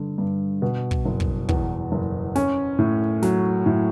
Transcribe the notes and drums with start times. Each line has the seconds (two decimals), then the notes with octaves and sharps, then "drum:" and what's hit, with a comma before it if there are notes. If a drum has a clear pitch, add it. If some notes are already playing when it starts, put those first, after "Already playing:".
Already playing: G2 D3
0.18 G2
0.62 B2
0.91 drum: kick
1.05 F#1
1.20 drum: kick
1.49 E2, drum: kick
1.92 F#1
2.35 C#4, drum: snare
2.79 A2
3.22 F#3, drum: snare
3.66 A2